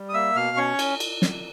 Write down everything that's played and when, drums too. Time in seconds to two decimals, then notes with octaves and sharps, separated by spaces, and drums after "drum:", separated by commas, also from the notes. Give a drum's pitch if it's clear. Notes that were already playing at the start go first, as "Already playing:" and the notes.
Already playing: G3
0.09 D#6
0.14 A#3 E5 E6
0.35 B2 F5 F6
0.57 C#4 C#5 C#6
0.79 drum: cymbal
1.00 drum: cymbal
1.22 drum: snare